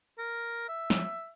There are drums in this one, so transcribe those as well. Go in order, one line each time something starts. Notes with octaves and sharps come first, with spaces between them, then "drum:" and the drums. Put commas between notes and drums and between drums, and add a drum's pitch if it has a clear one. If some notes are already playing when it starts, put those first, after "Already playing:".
A#4
E5
drum: snare